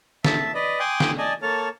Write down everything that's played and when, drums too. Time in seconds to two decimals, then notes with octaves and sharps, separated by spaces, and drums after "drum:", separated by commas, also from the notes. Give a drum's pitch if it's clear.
0.25 E5 A5, drum: snare
0.54 B4 D5 D#5
0.80 G5 G#5 C6 D6 D#6 F#6
1.00 drum: snare
1.18 D5 D#5 G#5 A5
1.42 A#3 A4 C#5 A5 F6